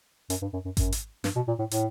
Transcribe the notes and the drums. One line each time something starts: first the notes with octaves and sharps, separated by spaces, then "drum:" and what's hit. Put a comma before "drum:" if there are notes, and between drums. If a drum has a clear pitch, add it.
F#2, drum: hi-hat
G2
F#2
F#2
F#2, drum: kick G#1, hi-hat
drum: hi-hat
G2, drum: snare
B2
A#2
A2
A2, drum: hi-hat